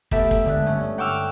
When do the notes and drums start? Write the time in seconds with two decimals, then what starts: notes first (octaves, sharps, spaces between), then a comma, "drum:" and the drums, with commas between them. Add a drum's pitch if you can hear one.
0.11 A3 B3 G4 A4 E5, drum: kick, hi-hat
0.31 drum: kick, hi-hat
0.45 D3 G#3 A3 F#6
0.66 G2 A3 C#4
0.98 F#5 G5 C#6 D6 E6 F6